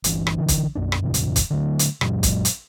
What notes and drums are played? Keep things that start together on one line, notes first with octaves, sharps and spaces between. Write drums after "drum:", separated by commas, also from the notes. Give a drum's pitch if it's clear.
G1 E3, drum: hi-hat
drum: rim click
D3 E3 D4
drum: kick, hi-hat
B1 F#2 D4
drum: rim click
F#1 E2 A#2 C#3
drum: hi-hat
drum: kick, hi-hat
D3 F#3 A3
drum: hi-hat
F#2 A#2 F#3 G#3, drum: rim click
drum: kick, hi-hat
drum: hi-hat